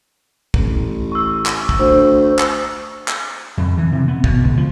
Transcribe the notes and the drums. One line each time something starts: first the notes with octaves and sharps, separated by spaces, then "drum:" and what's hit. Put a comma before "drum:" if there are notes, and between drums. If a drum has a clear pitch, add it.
A1, drum: kick
C#6 E6
drum: clap
drum: kick
D2 C5
drum: clap
drum: clap
F2
E3
C3
B3
B2, drum: kick
C#2
F3